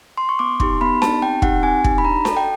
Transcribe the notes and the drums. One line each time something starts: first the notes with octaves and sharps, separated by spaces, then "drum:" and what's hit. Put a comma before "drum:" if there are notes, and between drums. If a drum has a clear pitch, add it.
C6
C#6
B3 D6
D#4 G4 C6, drum: kick
B3 B5
D#4 G4 A5, drum: snare D4
C4 G5
D#4 G4 F#5, drum: kick
C4 G#5
D#4 G4, drum: kick
B5
D4 A#5
F#4 A4 A5, drum: snare D4
G5